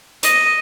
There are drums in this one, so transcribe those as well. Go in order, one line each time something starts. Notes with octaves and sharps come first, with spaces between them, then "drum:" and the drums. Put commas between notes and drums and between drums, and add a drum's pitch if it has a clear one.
D#5, drum: hi-hat